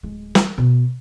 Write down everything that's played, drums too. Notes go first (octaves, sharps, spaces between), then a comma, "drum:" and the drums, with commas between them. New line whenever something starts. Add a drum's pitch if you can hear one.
D1 G#3
drum: snare
B2